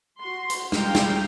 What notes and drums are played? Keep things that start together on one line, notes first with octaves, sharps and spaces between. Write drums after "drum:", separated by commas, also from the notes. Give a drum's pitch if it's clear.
F#4 C6
drum: hi-hat
E3 G#3 F5 G5 A#5, drum: snare
drum: snare